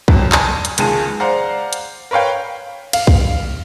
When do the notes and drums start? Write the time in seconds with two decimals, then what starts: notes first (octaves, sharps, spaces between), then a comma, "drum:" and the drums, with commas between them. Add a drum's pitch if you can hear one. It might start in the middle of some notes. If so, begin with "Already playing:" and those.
0.08 C2 F2 F#3, drum: kick B1
0.32 G#5 A5, drum: clap
0.65 drum: hi-hat
0.78 F#1 C#2 D#3 G#4 A5 D#7, drum: hi-hat
1.20 C5 D5 F5 F#5 A#5
1.73 drum: hi-hat
2.11 A#4 B4 C#5 F5 G5
2.93 F5, drum: cymbal
3.07 drum: kick B1